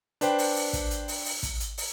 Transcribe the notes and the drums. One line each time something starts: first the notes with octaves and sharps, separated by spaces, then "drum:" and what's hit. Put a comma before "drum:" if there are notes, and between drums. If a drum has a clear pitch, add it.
D4 B4 C5 G5, drum: hi-hat
drum: open hi-hat
drum: open hi-hat
drum: kick, hi-hat
drum: hi-hat
drum: open hi-hat
drum: open hi-hat
drum: kick, hi-hat
drum: hi-hat
drum: open hi-hat